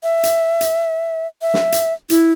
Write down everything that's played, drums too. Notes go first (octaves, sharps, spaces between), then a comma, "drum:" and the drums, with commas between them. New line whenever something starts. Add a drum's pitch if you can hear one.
E5
drum: hi-hat
drum: hi-hat
E5
drum: snare
drum: hi-hat
E4, drum: hi-hat